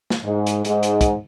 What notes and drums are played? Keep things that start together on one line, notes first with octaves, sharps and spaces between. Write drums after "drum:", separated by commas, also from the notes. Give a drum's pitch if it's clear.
drum: snare
G#2
drum: hi-hat
G#2, drum: hi-hat
drum: hi-hat
drum: kick, hi-hat